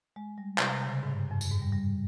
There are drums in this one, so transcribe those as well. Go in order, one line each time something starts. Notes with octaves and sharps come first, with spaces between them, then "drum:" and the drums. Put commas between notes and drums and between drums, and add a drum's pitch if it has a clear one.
G#3
G3
C3, drum: clap
C3
C#3
G#2
G2
F2
G2, drum: tambourine
G#2
G3
G3